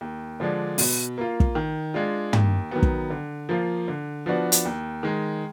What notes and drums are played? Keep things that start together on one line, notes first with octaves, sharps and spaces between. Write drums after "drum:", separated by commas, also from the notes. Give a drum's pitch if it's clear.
D#2
D3 F3 G#3 D4
B2, drum: open hi-hat
A#3 F4
drum: kick
D#3
G#3 D4 F4
D#2, drum: tom
D#3 F#3 B3
drum: kick
D3
F3 A#3 F4
D3
F3 B3 D4 F#4
drum: hi-hat
D#2
D#3 G#3